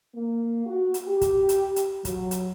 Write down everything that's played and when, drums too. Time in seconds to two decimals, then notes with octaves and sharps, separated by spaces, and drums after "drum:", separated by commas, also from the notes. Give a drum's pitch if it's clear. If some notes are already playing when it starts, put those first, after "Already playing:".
0.15 A#3
0.67 F#4
0.94 drum: hi-hat
1.08 G4
1.21 drum: kick, hi-hat
1.49 drum: hi-hat
1.76 drum: hi-hat
2.05 F#3, drum: kick, hi-hat
2.31 drum: hi-hat